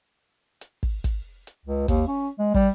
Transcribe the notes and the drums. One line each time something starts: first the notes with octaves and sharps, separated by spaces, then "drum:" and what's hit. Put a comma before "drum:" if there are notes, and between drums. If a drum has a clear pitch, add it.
drum: hi-hat
drum: kick
drum: kick, hi-hat
drum: hi-hat
C#2
D#2, drum: kick, hi-hat
C#4
G#3
G3, drum: kick